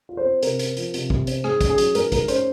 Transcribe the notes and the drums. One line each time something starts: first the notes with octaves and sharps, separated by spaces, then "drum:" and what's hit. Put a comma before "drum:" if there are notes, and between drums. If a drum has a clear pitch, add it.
F4
C5
C4
C3 A#4, drum: hi-hat
C4, drum: hi-hat
F3, drum: hi-hat
C3, drum: hi-hat
C3, drum: kick
C4, drum: hi-hat
G#2 G#4, drum: rim click
C#4, drum: kick, hi-hat
G#4
F#3, drum: hi-hat
G#2 A#4, drum: hi-hat
G#2 A#4, drum: kick, hi-hat
C#4 C5, drum: hi-hat